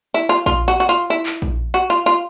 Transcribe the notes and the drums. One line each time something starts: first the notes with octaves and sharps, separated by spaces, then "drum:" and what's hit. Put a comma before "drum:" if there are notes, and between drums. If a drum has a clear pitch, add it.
E4
F4
F4, drum: kick A#1
F#4
F#4
F4
E4
drum: clap
drum: kick A#1
F#4
F4
F4